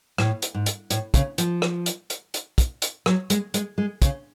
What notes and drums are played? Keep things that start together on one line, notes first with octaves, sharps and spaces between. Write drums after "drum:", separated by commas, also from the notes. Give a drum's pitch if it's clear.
A2, drum: rim click
drum: hi-hat
G#2
drum: hi-hat
A2, drum: hi-hat
C#3, drum: kick, hi-hat
F3, drum: hi-hat
drum: rim click
drum: hi-hat
drum: hi-hat
drum: hi-hat
drum: kick, hi-hat
drum: hi-hat
F#3, drum: rim click
G#3, drum: hi-hat
G#3, drum: hi-hat
G#3
C#3, drum: kick, hi-hat